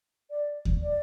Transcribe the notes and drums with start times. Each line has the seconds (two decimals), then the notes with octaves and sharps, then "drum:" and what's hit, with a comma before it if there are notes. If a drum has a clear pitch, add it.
0.30 D5
0.65 drum: kick D#2
0.83 D5